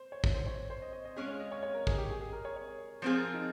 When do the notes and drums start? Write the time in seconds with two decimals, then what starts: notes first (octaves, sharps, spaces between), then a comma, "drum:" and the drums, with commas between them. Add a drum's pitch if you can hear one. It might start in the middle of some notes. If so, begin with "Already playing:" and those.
Already playing: C5
0.12 C#5
0.24 C#5, drum: kick
0.34 C5
0.47 C#5
0.70 C5
0.82 D#5
0.93 D#5
1.05 D#5
1.16 G#3 C#4 F4 G#4
1.28 C#5
1.40 D#5
1.52 C#5
1.63 C#5
1.74 A#4
1.87 G#4, drum: kick
1.98 G4
2.10 G#4
2.21 G#4
2.33 A#4
2.45 C#5
2.56 C#5
3.02 F3 C4 F4 G#4 C5
3.18 A#4
3.34 D#4